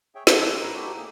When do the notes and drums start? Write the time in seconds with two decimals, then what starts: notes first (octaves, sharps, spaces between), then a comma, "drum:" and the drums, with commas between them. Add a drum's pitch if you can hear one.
0.15 G#4 C#5 E5 G5
0.27 D#2 F3 A5 C6 G6, drum: snare
0.47 C4 D4 E4 G4 G#4 G5
0.62 F2 C#3 B4 A#5
0.74 A3 D#4 E4 F#4 G4 A4
0.97 A#3 G#4